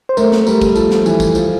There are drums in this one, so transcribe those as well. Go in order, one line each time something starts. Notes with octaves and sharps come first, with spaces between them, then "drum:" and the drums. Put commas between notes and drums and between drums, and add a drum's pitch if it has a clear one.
C5
A3 A#4, drum: tambourine
drum: snare
G3 A#4, drum: tambourine
drum: kick, tambourine
F3 A4, drum: tambourine
drum: snare
E3, drum: tambourine
drum: kick, tambourine
F3, drum: tambourine